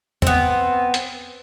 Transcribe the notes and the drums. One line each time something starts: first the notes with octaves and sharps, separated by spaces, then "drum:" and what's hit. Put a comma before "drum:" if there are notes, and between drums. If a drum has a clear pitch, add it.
B3 C4, drum: tom E2
drum: hi-hat